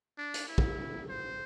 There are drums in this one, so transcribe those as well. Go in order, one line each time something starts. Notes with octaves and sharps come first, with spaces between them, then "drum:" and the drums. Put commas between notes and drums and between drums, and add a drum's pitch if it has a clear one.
D4
drum: hi-hat
E4
drum: kick
C5